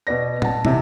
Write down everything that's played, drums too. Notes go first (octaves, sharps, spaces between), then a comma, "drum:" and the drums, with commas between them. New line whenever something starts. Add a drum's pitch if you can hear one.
B2 B4 D5 A#6
F#5 A5, drum: tom
C3 E3, drum: tom